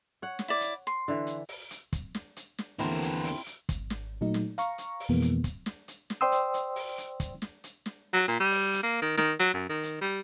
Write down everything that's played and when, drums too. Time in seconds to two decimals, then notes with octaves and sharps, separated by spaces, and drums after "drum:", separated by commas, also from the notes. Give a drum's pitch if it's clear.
0.22 C#5 F#5
0.39 drum: snare
0.48 E4 D5
0.61 drum: hi-hat
0.87 C6
1.08 D3 E3
1.27 drum: hi-hat
1.49 drum: open hi-hat
1.71 drum: hi-hat
1.93 drum: kick, hi-hat
2.15 drum: snare
2.37 drum: hi-hat
2.58 drum: snare
2.79 D#2 D3 E3 B3 C4 E4 A4 A#4, drum: hi-hat
3.02 drum: hi-hat
3.24 drum: open hi-hat
3.46 drum: hi-hat
3.69 G#1, drum: kick, hi-hat
3.90 drum: snare
4.21 A#2 F#3 A3 D#4
4.34 drum: snare
4.58 F5 A#5 C#6, drum: hi-hat
4.78 drum: hi-hat
5.00 drum: open hi-hat
5.09 F2 B2 E3 G#3 A#3 B3
5.22 drum: hi-hat
5.44 drum: kick, hi-hat
5.66 drum: snare
5.88 drum: hi-hat
6.10 drum: snare
6.21 C5 D5 G5 C6 D#6 E6
6.32 drum: hi-hat
6.54 drum: hi-hat
6.76 drum: open hi-hat
6.98 drum: hi-hat
7.20 drum: kick, hi-hat
7.42 drum: snare
7.64 drum: hi-hat
7.86 drum: snare
8.14 F#3
8.28 A#2, drum: hi-hat
8.40 G3
8.52 drum: open hi-hat
8.74 drum: hi-hat
8.83 A#3
9.02 D#3
9.17 D#3, drum: snare
9.39 F#3, drum: hi-hat
9.54 F#2
9.70 D#3
9.83 drum: hi-hat
10.01 G3